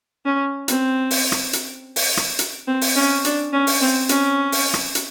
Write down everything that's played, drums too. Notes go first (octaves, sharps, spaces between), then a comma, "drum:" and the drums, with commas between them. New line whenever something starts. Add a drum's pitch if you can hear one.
C#4
C4, drum: hi-hat
drum: open hi-hat
drum: rim click
drum: hi-hat
drum: open hi-hat
drum: rim click
drum: hi-hat
C4
drum: open hi-hat
C#4
D4, drum: hi-hat
C#4
drum: open hi-hat
C4
C#4, drum: hi-hat
drum: open hi-hat
drum: rim click
drum: hi-hat